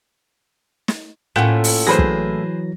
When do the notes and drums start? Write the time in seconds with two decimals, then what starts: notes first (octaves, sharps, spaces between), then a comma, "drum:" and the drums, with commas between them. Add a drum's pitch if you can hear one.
0.88 drum: snare
1.36 A2 A#3 C#4 F4 F#5 G5
1.64 drum: open hi-hat
1.87 E3 F#3 G#4 B4 C5 A#6
1.99 drum: kick